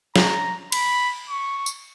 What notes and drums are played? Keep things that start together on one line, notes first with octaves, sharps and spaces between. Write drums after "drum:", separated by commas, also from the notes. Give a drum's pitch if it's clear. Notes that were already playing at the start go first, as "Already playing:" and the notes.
A#5, drum: snare
B5, drum: cymbal
C#6
drum: tambourine